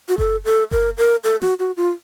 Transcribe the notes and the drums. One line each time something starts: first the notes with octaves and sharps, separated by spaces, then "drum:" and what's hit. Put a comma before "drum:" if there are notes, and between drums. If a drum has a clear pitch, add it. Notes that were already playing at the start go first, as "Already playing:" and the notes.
F#4
A4, drum: kick F#1
A4
A#4, drum: kick F#1
A#4
A4
F#4, drum: snare
F#4
F4